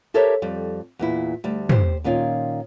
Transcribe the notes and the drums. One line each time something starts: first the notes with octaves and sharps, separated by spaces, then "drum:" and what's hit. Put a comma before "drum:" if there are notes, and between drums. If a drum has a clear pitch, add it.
G4 A4 A#4 C5 C#5 E5
F2 G3
E2 A#2 E4
D2 G3
G4 C5, drum: tom
A#2 D#3 C#4 F4